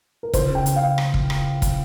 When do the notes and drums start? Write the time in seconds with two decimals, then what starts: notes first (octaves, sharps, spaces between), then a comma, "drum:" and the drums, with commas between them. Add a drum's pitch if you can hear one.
0.23 A#4
0.33 C#2 C5, drum: kick E1, hi-hat
0.50 C#3
0.55 G5
0.66 C#3, drum: hi-hat
0.76 F5
0.98 drum: rim click
1.14 drum: kick E1
1.30 drum: rim click
1.62 drum: kick E1, hi-hat